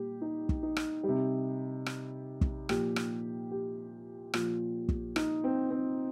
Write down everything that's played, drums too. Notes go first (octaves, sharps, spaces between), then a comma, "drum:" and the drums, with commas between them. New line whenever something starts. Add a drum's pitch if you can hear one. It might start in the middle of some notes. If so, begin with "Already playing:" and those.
Already playing: A#2 G3 G4
D#4
drum: kick
D#4
drum: rim click
G3
C3
drum: rim click
drum: kick
A#2 F3 G4, drum: rim click
drum: rim click
G4
A#2 F3, drum: rim click
drum: kick
D#4, drum: rim click
C4
C4